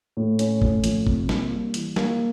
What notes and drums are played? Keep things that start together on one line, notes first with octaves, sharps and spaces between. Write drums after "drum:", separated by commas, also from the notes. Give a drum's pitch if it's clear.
A2
C#4, drum: hi-hat
A2, drum: kick G#1
F3, drum: hi-hat
C3, drum: kick G#1
A#3, drum: snare
G3
E3, drum: hi-hat
A#3, drum: snare